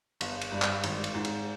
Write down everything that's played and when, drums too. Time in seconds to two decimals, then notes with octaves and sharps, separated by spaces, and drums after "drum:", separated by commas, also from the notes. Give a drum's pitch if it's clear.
0.21 G1, drum: cymbal
0.41 drum: cymbal
0.52 G2
0.62 drum: clap
0.83 G#1, drum: cymbal
1.04 drum: cymbal
1.14 G#2
1.25 drum: cymbal